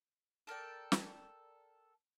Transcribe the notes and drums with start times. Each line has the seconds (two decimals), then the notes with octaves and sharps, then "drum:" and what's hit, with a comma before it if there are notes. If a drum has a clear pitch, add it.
0.47 A4 A#4 D5 G5
0.92 drum: snare